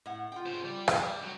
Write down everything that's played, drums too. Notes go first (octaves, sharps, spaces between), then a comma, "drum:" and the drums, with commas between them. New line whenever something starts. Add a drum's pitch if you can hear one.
A2 F#5
F4 F#5 G5
C#3 C5
G3
drum: rim click
F#3 A3 G5